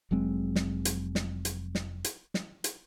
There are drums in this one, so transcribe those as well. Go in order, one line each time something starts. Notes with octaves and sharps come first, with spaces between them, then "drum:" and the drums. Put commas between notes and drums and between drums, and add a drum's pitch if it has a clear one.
F1 F#3 G#3 C4
drum: snare
drum: hi-hat
drum: snare
drum: hi-hat
drum: snare
drum: hi-hat
drum: snare
drum: hi-hat